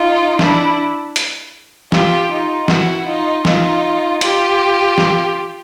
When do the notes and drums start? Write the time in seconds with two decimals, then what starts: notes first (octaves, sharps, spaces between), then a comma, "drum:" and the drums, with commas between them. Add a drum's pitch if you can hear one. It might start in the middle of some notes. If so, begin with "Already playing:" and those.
Already playing: D#4 F4
0.39 D4 E4, drum: snare
1.16 drum: hi-hat
1.92 F4 G4, drum: snare
2.31 D#4 F4
2.68 E4 F#4, drum: snare
3.07 D#4 F4
3.45 D#4 F4, drum: snare
4.21 F4 G4, drum: hi-hat
4.98 drum: snare